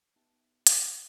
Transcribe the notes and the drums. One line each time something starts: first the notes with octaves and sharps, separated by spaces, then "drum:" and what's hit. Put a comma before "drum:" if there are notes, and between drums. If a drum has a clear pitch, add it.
B3 D#4 G4 E5 G5 A5
drum: hi-hat